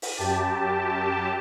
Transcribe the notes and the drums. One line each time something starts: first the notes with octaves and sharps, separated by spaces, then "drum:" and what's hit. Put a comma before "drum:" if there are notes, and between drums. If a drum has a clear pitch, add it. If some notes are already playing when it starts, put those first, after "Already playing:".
drum: open hi-hat
F#2 G4 A5